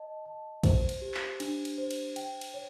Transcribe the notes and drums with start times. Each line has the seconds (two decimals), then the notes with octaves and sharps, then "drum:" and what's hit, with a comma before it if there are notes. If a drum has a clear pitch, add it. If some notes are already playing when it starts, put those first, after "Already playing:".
Already playing: D#5 A5
0.26 A5
0.63 C5, drum: kick, cymbal
0.89 drum: cymbal
1.02 G4
1.14 drum: clap
1.40 D4, drum: cymbal
1.65 drum: cymbal
1.78 C5
1.91 drum: cymbal
2.16 G5, drum: cymbal
2.41 drum: cymbal
2.54 C#5